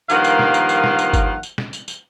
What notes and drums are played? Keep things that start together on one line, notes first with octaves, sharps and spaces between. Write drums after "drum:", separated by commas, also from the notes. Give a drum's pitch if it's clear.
G2 D#3 F3 A#3 F5 F#5, drum: tambourine
drum: tambourine
drum: snare
drum: tambourine
drum: tambourine
drum: snare
drum: tambourine
drum: kick G1, tambourine
drum: tambourine
drum: snare
drum: tambourine
drum: tambourine